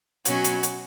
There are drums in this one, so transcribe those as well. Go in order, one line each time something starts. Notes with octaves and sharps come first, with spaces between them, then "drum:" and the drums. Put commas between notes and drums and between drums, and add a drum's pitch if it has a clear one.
B2 F#3 C#4 F#4, drum: hi-hat
drum: hi-hat
drum: hi-hat